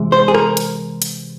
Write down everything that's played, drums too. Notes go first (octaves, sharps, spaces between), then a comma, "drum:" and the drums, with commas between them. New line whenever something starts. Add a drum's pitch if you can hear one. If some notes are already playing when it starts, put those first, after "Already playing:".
Already playing: C3 E3 G#3
C5
G#4
A#4, drum: rim click
drum: hi-hat
drum: hi-hat